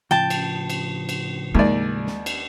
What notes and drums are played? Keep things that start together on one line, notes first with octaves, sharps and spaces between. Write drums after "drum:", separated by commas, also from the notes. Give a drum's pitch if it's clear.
A2 C#3 F3 G5 A5
drum: cymbal
drum: cymbal
drum: cymbal
D#2 G#3 D5
drum: snare
drum: cymbal